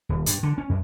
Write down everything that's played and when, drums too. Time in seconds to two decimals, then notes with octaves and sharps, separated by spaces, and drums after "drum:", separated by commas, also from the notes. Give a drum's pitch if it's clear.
0.09 D#1
0.26 G2, drum: hi-hat
0.43 D3
0.58 C#4
0.69 F#2